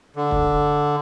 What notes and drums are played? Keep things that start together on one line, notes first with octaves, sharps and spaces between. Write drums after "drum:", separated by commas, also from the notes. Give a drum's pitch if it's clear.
D3
drum: kick